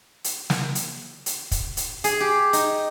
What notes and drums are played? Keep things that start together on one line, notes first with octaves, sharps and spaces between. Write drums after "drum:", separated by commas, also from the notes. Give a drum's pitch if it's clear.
drum: hi-hat
drum: snare
drum: hi-hat
drum: hi-hat
drum: kick, hi-hat
drum: hi-hat
G#4, drum: hi-hat
G4
D#4, drum: hi-hat